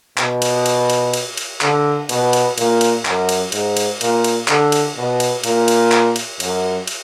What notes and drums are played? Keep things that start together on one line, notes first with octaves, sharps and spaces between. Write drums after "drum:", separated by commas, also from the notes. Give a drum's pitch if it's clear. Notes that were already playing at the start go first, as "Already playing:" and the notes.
B2, drum: clap
drum: cymbal
drum: cymbal
drum: cymbal
drum: cymbal
drum: cymbal
D3, drum: clap
B2, drum: cymbal
drum: cymbal
A#2, drum: cymbal
drum: cymbal
F#2, drum: clap
drum: cymbal
G#2, drum: cymbal
drum: cymbal
A#2, drum: cymbal
drum: cymbal
D3, drum: clap
drum: cymbal
B2
drum: cymbal
A#2, drum: cymbal
drum: cymbal
drum: clap
drum: cymbal
F#2, drum: cymbal
drum: cymbal